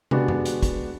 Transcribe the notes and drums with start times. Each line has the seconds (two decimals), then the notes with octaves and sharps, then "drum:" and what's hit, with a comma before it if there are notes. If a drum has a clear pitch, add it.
0.11 G#3 B3 D4 F#4 G4, drum: tom
0.28 drum: tom F#2
0.45 drum: hi-hat
0.63 drum: kick, hi-hat